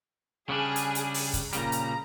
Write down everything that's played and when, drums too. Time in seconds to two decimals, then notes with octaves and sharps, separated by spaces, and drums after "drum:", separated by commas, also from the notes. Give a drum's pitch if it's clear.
0.49 C#3 G3 D4 G#4
0.76 drum: hi-hat
0.95 drum: hi-hat
1.14 drum: open hi-hat
1.33 drum: kick, hi-hat
1.53 A#2 C#3 G3 A#5, drum: hi-hat
1.72 drum: hi-hat